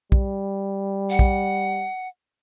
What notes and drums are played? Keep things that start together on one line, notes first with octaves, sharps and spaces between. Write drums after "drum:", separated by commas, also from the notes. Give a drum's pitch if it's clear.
G3, drum: kick
F#5
drum: kick